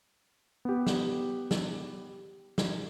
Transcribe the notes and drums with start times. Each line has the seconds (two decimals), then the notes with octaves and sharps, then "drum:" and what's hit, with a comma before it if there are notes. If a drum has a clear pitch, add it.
0.65 B3 G4
0.87 drum: snare
1.51 drum: snare
2.58 drum: snare